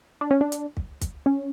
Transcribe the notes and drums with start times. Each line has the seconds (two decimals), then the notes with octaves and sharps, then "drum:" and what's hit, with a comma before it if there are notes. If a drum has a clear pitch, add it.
0.21 D4
0.31 C#4
0.41 D4
0.52 drum: hi-hat
0.77 drum: kick
1.01 drum: kick, hi-hat
1.26 C#4